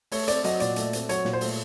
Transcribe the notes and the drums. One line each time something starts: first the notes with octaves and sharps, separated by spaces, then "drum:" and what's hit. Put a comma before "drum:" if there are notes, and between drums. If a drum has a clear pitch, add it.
A3 C#5, drum: open hi-hat
C4 D5, drum: hi-hat
F#3 D#5, drum: hi-hat
A#2 D5, drum: hi-hat
A3, drum: hi-hat
C4, drum: hi-hat
F#3 C#5, drum: hi-hat
A#2, drum: snare
C5
A3, drum: open hi-hat